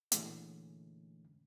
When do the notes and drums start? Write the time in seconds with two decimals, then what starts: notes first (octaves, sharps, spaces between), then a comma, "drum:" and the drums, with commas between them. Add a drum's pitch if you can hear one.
0.12 A#2 D3 E3 G#3 A3 C#4, drum: hi-hat